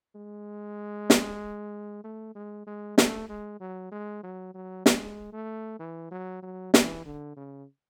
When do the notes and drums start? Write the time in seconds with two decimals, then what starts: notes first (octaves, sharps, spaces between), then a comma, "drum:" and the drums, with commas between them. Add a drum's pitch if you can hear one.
0.15 G#3
1.10 drum: snare
2.04 A3
2.35 G#3
2.67 G#3
2.98 A3, drum: snare
3.29 G#3
3.60 F#3
3.92 G#3
4.23 F#3
4.54 F#3
4.86 G#3, drum: snare
5.32 A3
5.79 E3
6.11 F#3
6.43 F#3
6.74 E3, drum: snare
7.05 D3
7.36 C#3